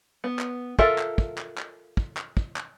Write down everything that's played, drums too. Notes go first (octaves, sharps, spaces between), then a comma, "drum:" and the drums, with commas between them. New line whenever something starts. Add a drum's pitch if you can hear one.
B3
drum: clap
F4 A4 A#4 E5, drum: kick
drum: clap
drum: kick
drum: clap
drum: clap
drum: kick
drum: clap
drum: kick
drum: clap